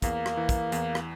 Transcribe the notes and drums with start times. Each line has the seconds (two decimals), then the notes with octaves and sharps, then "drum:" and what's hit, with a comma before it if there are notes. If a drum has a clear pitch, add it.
0.02 E2 A#3, drum: kick, hi-hat
0.26 drum: rim click
0.37 E3
0.49 drum: kick, hi-hat
0.72 E2, drum: hi-hat
0.95 drum: rim click